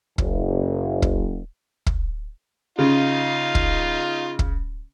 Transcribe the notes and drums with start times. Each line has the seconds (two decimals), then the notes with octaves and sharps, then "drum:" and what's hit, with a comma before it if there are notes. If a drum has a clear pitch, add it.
0.18 F#1, drum: kick
1.02 drum: kick
1.86 drum: kick
2.79 C#3 D#4 F4 F5
3.55 drum: kick
4.39 drum: kick